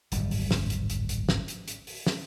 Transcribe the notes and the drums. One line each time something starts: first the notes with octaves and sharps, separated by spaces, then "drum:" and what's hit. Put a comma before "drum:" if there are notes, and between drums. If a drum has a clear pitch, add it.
D1 G#1 F#2 G3, drum: hi-hat
drum: open hi-hat
drum: snare
drum: hi-hat
drum: hi-hat
drum: hi-hat
drum: snare
drum: hi-hat
drum: hi-hat
drum: open hi-hat
drum: snare